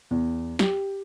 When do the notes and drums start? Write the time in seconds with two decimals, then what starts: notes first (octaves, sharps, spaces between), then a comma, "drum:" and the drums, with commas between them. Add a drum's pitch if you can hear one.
0.11 E2
0.59 G4, drum: snare